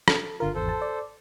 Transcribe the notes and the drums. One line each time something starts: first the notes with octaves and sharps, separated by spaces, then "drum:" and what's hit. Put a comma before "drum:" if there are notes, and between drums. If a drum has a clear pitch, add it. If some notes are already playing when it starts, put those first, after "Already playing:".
A4, drum: rim click
G1 D3 F4 A#4
G#1 E2 A4 C5
A5
D5